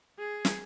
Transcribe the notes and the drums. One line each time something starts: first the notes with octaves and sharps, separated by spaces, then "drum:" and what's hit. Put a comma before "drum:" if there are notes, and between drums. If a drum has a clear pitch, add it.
G#4
drum: snare